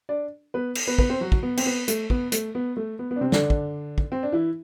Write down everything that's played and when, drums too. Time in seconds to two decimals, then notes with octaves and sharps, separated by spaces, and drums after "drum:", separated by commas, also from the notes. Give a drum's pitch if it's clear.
0.09 D4 D5
0.54 B3 B4
0.75 drum: cymbal
0.87 B3 B4
0.98 B3 B4, drum: kick
1.10 C4 C5
1.21 F#3 F#4
1.32 drum: kick
1.43 B3
1.57 C4, drum: cymbal
1.66 B3
1.88 A3, drum: hi-hat
2.10 B3, drum: kick
2.32 A3, drum: hi-hat
2.55 B3
2.77 A3
2.99 B3
3.11 B3
3.16 D4
3.21 C3 C4
3.32 D3 D4, drum: snare
3.50 drum: kick
3.98 drum: kick
4.12 C4
4.23 D4
4.32 E3 E4